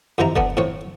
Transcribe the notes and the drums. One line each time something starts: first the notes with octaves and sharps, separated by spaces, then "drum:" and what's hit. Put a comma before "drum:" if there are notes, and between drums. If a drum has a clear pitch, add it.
F2 C3 D#3 E4 A#5
D3 B3 D4, drum: kick F1
A2 C4 C#5